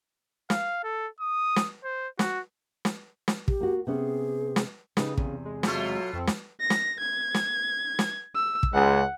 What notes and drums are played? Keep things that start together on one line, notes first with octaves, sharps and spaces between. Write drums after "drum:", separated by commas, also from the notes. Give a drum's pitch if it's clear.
F5, drum: snare
A4
D#6
drum: snare
C5
F#4, drum: snare
drum: snare
drum: snare
G4, drum: kick
A#3 F#4
C3 B3 C#4 G#4
drum: snare
C#3 D#4 G4 B4, drum: snare
E2 C3, drum: kick
G#3
B2 F#3 A3 F4, drum: snare
F2 C4 A4
drum: snare
A#6
drum: snare
G#6
drum: snare
drum: snare
E6
drum: kick
C#2 G#3 F#5